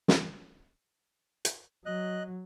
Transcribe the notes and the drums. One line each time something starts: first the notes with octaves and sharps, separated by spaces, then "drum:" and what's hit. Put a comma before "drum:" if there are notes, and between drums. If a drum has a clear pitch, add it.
drum: snare
drum: hi-hat
F#3 D#5 F#6